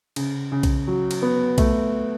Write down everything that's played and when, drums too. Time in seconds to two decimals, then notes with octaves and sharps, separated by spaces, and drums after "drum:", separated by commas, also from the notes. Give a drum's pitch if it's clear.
0.16 C#3, drum: cymbal
0.52 C#3
0.63 drum: kick B1, cymbal
0.87 F#3
1.11 drum: cymbal
1.22 B3
1.58 A3, drum: kick B1, cymbal